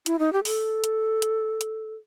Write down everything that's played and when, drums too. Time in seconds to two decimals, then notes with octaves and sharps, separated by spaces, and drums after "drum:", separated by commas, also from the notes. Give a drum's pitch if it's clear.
0.06 E4, drum: hi-hat
0.19 D#4
0.33 G4
0.45 A4, drum: open hi-hat
0.84 drum: hi-hat
1.22 drum: hi-hat
1.61 drum: hi-hat